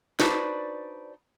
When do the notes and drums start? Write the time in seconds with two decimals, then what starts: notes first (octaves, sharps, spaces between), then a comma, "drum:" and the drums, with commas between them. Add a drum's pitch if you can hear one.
0.20 D4 D#4 F#4 B4 C5 D5, drum: snare